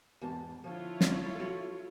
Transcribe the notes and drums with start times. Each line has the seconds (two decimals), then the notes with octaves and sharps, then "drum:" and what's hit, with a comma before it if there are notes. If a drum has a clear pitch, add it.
0.22 E2 G#2 A5
0.64 D3 F3 E4 F4 C#5
1.01 drum: snare
1.35 F#4 A4